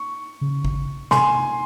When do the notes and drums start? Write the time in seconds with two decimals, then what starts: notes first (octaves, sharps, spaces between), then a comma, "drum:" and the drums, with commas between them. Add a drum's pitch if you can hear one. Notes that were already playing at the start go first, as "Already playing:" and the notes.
Already playing: C#6
0.41 C#3
0.65 drum: kick
1.11 C3 G#5 C6, drum: snare